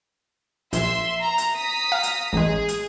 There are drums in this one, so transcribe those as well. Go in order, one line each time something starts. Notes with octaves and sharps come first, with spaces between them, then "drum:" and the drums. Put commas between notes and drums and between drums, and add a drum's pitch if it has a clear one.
A#1 E5 C6, drum: hi-hat
A#5
drum: hi-hat
A#5 D#6 B6
F5
drum: hi-hat
A1 G#3 G#4
drum: hi-hat